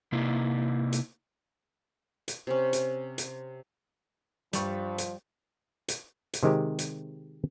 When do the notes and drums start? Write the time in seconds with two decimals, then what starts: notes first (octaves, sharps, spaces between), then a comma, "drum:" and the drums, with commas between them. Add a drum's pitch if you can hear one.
0.12 C3 A#3 D#4 E4
0.93 drum: hi-hat
2.28 drum: hi-hat
2.47 C3 C#4
2.73 drum: hi-hat
3.18 drum: hi-hat
4.53 G2 F3 G3 C#6, drum: hi-hat
4.98 drum: hi-hat
5.88 drum: hi-hat
6.33 drum: hi-hat
6.43 C3 D#3 G#3 C4 G4
6.79 drum: hi-hat